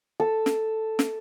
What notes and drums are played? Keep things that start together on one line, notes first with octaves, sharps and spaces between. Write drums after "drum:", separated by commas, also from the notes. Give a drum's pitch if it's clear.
A4
drum: snare
drum: snare